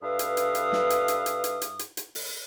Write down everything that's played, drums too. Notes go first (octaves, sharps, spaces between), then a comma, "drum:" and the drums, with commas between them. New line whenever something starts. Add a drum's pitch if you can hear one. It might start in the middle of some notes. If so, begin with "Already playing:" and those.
G2 A4 B4 E5 F5 D#6
drum: hi-hat
drum: hi-hat
drum: hi-hat
drum: snare
drum: hi-hat
drum: hi-hat
drum: hi-hat
drum: hi-hat
drum: hi-hat
drum: hi-hat
drum: hi-hat
drum: open hi-hat